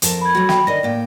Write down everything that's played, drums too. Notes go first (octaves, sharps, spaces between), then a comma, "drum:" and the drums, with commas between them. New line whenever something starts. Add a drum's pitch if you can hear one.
F2 A#4 A5, drum: hi-hat
B5 G#6
F#3 A3 F#4
G5 B5, drum: snare
D2 D#3 D5 D#5 A#6
A2 A#3 G5